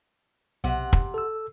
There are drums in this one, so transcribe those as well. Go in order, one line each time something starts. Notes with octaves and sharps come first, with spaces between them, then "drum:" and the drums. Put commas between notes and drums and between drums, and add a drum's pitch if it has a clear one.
B1 C3 F#5
drum: kick
A4 E6